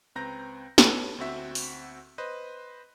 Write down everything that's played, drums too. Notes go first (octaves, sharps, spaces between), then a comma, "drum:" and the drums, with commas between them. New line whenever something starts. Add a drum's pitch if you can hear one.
C#2 C4 B4 A#5 G6 A#6
A4 B4 C#5, drum: snare
D2 C4 F#4 E5
drum: open hi-hat
B4 C5 D#5